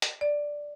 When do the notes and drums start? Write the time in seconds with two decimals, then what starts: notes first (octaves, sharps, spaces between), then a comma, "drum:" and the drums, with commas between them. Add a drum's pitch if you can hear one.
0.02 drum: hi-hat
0.21 D5